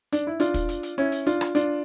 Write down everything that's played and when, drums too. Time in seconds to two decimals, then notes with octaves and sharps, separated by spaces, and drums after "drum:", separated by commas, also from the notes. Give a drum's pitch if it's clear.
0.12 D4, drum: hi-hat
0.27 E4
0.40 D4 F4, drum: hi-hat
0.54 drum: kick, hi-hat
0.69 drum: hi-hat
0.83 drum: hi-hat
0.98 C#4 E4
1.12 drum: hi-hat
1.27 D4 F4, drum: hi-hat
1.41 drum: rim click
1.55 D4 F4, drum: hi-hat